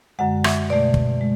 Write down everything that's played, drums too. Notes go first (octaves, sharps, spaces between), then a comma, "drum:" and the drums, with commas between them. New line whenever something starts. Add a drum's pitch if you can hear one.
F#2 D3 G#3 F#5
E5, drum: rim click
B2 A3 D5
drum: kick
G#3